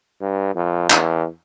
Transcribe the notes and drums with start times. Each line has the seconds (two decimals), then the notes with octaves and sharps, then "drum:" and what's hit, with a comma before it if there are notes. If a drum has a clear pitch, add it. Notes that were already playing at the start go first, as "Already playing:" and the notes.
0.21 G2
0.55 F2
0.90 E2, drum: clap